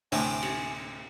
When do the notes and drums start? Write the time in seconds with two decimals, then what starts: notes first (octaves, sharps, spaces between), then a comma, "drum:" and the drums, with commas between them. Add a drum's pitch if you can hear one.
0.12 D2 A2 C3 G#5, drum: open hi-hat
0.42 drum: cymbal